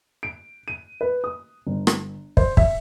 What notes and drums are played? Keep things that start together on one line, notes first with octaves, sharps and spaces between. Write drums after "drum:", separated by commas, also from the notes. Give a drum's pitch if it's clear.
D7
D#7
B4
D#6
G1
drum: rim click
C5, drum: kick
E5, drum: kick